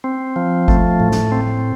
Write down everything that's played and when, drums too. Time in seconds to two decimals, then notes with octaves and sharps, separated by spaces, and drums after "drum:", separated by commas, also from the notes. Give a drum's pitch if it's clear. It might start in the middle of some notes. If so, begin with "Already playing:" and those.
0.04 C4
0.36 F3
0.68 A3, drum: kick G1
1.00 A2
1.11 drum: snare
1.32 C4